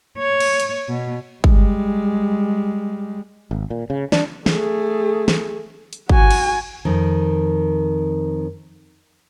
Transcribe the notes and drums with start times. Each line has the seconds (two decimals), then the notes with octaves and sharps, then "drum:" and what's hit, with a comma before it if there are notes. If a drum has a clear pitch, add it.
0.19 C#5
0.40 drum: cymbal
0.60 drum: hi-hat
0.89 B2
1.44 G3 G#3, drum: kick
3.51 G#1
3.70 A#2
3.90 C#3
4.12 D4, drum: snare
4.46 A3 G#4, drum: snare
5.28 drum: snare
5.93 drum: hi-hat
6.09 F#4 G#5, drum: kick
6.31 drum: cymbal
6.85 F2 D#3